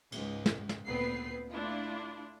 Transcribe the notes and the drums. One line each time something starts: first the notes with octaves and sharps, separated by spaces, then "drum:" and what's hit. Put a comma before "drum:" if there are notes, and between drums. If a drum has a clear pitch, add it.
C#2 G#2, drum: cymbal
drum: snare
drum: snare
D2 A#2 B3 C4 B4 C7
A3 D4 E4 F4